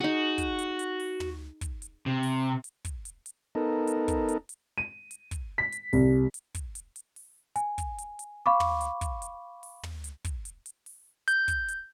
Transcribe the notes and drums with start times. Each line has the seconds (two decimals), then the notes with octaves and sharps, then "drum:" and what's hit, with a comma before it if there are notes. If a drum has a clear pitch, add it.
0.01 D#4 F#4 G#4
0.38 drum: kick, hi-hat
0.58 drum: hi-hat
0.79 drum: hi-hat
1.00 drum: open hi-hat
1.20 drum: tom
1.61 drum: kick, hi-hat
1.82 drum: hi-hat
2.06 C3
2.23 drum: open hi-hat
2.64 drum: hi-hat
2.85 drum: kick, hi-hat
3.05 drum: hi-hat
3.26 drum: hi-hat
3.55 B3 D#4 A4 A#4
3.87 drum: hi-hat
4.08 drum: kick, hi-hat
4.28 drum: hi-hat
4.49 drum: hi-hat
4.78 D#7
5.11 drum: hi-hat
5.31 drum: kick, hi-hat
5.58 B6
5.72 drum: hi-hat
5.93 C2, drum: open hi-hat
6.34 drum: hi-hat
6.55 drum: kick, hi-hat
6.75 drum: hi-hat
6.96 drum: hi-hat
7.16 drum: open hi-hat
7.56 G#5, drum: hi-hat
7.78 drum: kick, hi-hat
7.98 drum: hi-hat
8.19 drum: hi-hat
8.46 F5 B5 C#6 D6
8.60 drum: tom
8.81 drum: hi-hat
9.01 drum: kick, hi-hat
9.22 drum: hi-hat
9.63 drum: open hi-hat
9.83 drum: tom
10.04 drum: hi-hat
10.25 drum: kick, hi-hat
10.45 drum: hi-hat
10.66 drum: hi-hat
10.86 drum: open hi-hat
11.28 G6, drum: hi-hat
11.48 drum: kick, hi-hat
11.68 drum: hi-hat